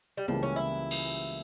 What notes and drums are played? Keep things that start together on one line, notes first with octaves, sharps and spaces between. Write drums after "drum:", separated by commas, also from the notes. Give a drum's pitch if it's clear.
G3
C#2 C#3 E3 F3 G3 A#3
C#4
E4
drum: cymbal